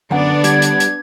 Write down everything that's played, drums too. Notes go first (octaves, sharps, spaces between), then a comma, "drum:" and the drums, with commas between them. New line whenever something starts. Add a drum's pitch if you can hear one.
F#2 D3 B3 D4 D5 F#5
G3 G#6, drum: hi-hat
drum: hi-hat
drum: hi-hat